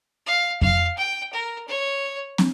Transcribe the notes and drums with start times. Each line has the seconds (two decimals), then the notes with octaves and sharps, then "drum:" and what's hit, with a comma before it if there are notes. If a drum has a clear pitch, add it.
0.26 F5
0.62 F5, drum: kick F2
0.98 G5
1.33 A#4
1.68 C#5
2.38 drum: snare